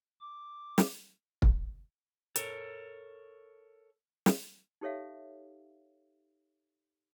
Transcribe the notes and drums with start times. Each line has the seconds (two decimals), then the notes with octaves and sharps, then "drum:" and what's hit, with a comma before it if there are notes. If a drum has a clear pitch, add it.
0.21 D6
0.78 drum: snare
1.42 drum: kick
2.36 A4 A#4 C#5, drum: hi-hat
4.26 drum: snare
4.81 D#4 G4 A4 C#5 E5 F5